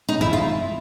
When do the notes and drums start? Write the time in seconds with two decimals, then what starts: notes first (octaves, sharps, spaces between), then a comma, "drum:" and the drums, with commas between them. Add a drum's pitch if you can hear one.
0.09 D#4
0.21 E4, drum: tom F#2
0.33 F4